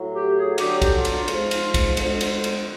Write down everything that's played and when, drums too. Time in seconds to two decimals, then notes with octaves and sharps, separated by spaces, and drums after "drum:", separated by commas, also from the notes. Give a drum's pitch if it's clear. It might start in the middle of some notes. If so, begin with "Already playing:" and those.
Already playing: A2 F#3
0.13 G4
0.36 G#4
0.58 D2 D3 F#3 G4, drum: cymbal
0.82 drum: kick, cymbal
0.94 F4
1.05 drum: cymbal
1.28 G#2 F3 G#3, drum: cymbal
1.51 drum: cymbal
1.74 drum: kick, cymbal
1.97 D2 D3 F3 G#3, drum: cymbal
2.21 drum: cymbal
2.44 drum: cymbal